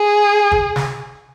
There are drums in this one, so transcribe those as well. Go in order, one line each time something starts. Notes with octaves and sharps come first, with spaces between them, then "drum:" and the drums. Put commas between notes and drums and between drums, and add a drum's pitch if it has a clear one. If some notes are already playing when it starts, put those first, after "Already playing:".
Already playing: G#4
drum: kick
drum: snare